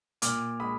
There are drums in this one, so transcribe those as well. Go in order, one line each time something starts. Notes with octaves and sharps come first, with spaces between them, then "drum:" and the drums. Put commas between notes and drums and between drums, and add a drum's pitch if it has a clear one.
A#2 D6 F6, drum: hi-hat
G#3 B5 D#6